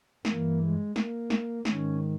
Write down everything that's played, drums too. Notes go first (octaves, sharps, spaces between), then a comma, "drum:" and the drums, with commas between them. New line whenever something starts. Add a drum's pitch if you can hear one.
G2 E3 A#3, drum: snare
G#3
A#3, drum: snare
drum: snare
G#2 D#3 C#4, drum: snare